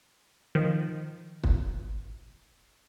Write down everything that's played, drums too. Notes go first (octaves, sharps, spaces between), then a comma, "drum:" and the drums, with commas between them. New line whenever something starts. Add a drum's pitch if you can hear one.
D#3 F3
drum: kick